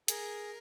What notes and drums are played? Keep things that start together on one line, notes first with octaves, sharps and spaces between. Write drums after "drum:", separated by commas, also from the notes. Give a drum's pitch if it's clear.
G#4 A#4, drum: hi-hat